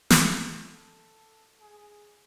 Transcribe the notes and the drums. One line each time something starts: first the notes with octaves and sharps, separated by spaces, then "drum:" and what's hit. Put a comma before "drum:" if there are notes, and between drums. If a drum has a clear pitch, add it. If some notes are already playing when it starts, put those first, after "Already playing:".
G#4, drum: snare
A4
G#4